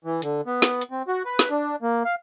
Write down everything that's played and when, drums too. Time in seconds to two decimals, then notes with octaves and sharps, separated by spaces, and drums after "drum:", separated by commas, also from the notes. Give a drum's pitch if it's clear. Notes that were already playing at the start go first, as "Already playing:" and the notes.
0.05 E3
0.22 D3, drum: hi-hat
0.47 B3
0.62 drum: snare
0.82 drum: hi-hat
0.91 C4
1.08 F#4
1.26 B4
1.39 drum: snare
1.50 D4
1.82 A#3
2.05 F5